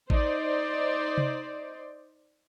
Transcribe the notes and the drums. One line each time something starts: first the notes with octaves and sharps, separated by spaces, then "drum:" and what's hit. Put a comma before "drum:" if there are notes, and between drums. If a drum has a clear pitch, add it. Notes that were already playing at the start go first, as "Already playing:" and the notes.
D#4 C5 D5, drum: kick A1
drum: tom C3